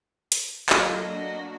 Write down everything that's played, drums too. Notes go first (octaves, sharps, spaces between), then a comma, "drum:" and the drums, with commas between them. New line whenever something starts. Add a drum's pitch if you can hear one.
drum: hi-hat
F#3 A#3 F4 A4 D#5, drum: clap
A#3 D4 F#4